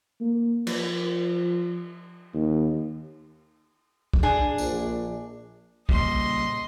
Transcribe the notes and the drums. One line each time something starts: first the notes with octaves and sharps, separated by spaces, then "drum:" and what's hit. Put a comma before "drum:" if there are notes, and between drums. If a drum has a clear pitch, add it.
A#3
F3, drum: cymbal
D#2
drum: kick
D4 G#4
A#1, drum: tambourine
A#2 C#3 G3 D#5 C6, drum: kick